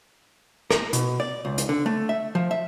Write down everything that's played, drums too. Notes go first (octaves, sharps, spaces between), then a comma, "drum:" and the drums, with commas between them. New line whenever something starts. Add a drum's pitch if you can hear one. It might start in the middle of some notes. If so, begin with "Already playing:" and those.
A#4, drum: rim click
B2, drum: hi-hat
D5
C#2
drum: hi-hat
D3
A3
E5
F3
E5